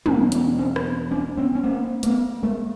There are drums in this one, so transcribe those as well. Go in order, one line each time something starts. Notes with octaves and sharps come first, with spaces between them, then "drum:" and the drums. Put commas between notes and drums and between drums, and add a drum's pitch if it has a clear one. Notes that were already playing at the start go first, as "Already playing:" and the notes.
E2 B2 A#3 C4, drum: tom
B3 C#4, drum: hi-hat
C4 D4
drum: rim click
C4 D4
B3 C#4
C#4
A#3 C4
A3 B3, drum: hi-hat
G#3 A#3